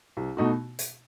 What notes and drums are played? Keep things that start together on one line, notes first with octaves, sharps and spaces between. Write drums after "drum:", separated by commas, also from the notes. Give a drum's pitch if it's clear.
C2
B2 A3 D#4 F#4
drum: hi-hat